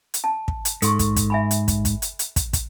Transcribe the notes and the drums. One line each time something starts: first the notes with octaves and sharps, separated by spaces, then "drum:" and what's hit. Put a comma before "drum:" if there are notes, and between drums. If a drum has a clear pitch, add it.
drum: hi-hat
A5
drum: kick
drum: hi-hat
G#2 A4 C6 C#6, drum: hi-hat
drum: kick, hi-hat
drum: kick, hi-hat
E5 G#5 B5
drum: hi-hat
drum: kick, hi-hat
drum: kick, hi-hat
drum: hi-hat
drum: hi-hat
drum: kick, hi-hat
drum: kick, hi-hat